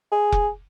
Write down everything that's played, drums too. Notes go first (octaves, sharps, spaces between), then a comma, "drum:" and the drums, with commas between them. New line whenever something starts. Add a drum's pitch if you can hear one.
G#4
drum: kick F1